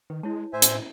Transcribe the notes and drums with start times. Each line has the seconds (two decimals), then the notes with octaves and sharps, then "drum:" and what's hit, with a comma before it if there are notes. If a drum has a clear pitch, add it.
0.10 D#3 B4
0.23 G#3 E4 C#5 A5
0.53 A2 C5 E5 G#5
0.62 drum: hi-hat